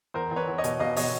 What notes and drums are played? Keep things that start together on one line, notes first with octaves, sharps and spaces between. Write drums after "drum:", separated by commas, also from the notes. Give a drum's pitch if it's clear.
E2 A#4 C5
E2
B4 C#5
E2
C#5 D#5
B2, drum: hi-hat
B2 D#5 F5
B2 C#5 D#5, drum: open hi-hat